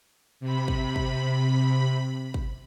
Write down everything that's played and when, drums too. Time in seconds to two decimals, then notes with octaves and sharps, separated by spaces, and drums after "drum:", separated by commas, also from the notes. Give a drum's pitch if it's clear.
0.40 C3 B5
0.68 drum: kick
0.96 drum: kick
2.34 drum: kick